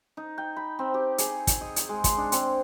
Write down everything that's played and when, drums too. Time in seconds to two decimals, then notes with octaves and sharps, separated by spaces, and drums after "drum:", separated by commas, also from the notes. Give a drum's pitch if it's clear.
0.17 D#4
0.38 G5
0.56 B5
0.79 C4
0.94 G4
1.18 G#4, drum: hi-hat
1.47 drum: kick, hi-hat
1.61 D#5
1.76 drum: hi-hat
1.89 G#3
2.04 C6, drum: kick, hi-hat
2.18 D4
2.32 C4, drum: hi-hat